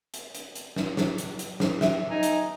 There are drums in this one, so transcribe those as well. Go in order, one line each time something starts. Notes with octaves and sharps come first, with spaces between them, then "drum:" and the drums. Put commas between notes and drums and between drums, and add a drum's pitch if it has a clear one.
drum: hi-hat
drum: hi-hat
drum: hi-hat
drum: snare
drum: snare
drum: hi-hat
drum: hi-hat
drum: snare
E5, drum: snare
D#4 G#5 A#5
drum: hi-hat